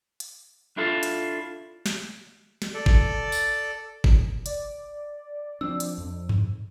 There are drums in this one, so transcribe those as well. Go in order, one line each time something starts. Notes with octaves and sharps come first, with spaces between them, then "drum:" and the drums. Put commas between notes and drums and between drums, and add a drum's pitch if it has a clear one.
drum: hi-hat
D4 E4 F4 A4
drum: hi-hat
drum: snare
drum: snare
A4 D5
drum: kick G1
drum: tambourine
drum: kick G1
D5, drum: hi-hat
F3 C4 D4 E6
drum: hi-hat
F2
drum: tom G2